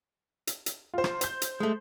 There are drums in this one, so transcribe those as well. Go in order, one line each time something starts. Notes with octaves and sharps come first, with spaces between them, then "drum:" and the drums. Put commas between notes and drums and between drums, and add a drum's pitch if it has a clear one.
drum: hi-hat
drum: hi-hat
F4 C5
drum: rim click
C5 G6, drum: hi-hat
drum: hi-hat
G#3 A3